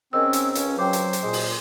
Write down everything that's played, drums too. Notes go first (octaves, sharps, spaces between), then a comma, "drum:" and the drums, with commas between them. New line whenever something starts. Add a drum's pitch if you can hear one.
G#2 C4 C#4 A#4 D#5 E6
drum: hi-hat
C#2 C#4, drum: hi-hat
F#3 C5 G5 D6
drum: hi-hat
drum: hi-hat
A#2 G#3
drum: open hi-hat